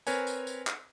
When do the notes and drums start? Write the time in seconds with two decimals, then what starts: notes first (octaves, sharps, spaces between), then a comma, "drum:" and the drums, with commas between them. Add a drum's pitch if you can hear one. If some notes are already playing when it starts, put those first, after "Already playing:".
0.07 C4 A#4 B4 C#5 G#5, drum: tambourine
0.27 drum: tambourine
0.47 drum: tambourine
0.67 drum: clap